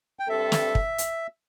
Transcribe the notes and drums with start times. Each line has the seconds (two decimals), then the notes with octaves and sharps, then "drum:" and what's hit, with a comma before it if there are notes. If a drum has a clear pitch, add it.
0.19 G5
0.28 G2 G3 C4 A4 E5
0.52 drum: snare
0.75 drum: kick
0.98 drum: hi-hat